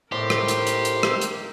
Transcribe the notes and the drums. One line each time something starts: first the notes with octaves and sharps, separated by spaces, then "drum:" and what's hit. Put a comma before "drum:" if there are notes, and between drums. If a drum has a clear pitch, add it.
A2 G4 A#4 C5 A#5
drum: rim click
drum: hi-hat
drum: hi-hat
drum: hi-hat
drum: rim click
drum: hi-hat